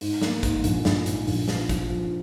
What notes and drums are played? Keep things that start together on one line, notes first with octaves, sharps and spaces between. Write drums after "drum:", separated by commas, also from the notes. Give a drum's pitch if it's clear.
G#2, drum: open hi-hat
A#3, drum: snare
G#2, drum: kick, hi-hat
A#1, drum: hi-hat
A#1, drum: snare
G#2, drum: hi-hat
A#1, drum: open hi-hat
F3, drum: snare
F3, drum: kick, hi-hat
F3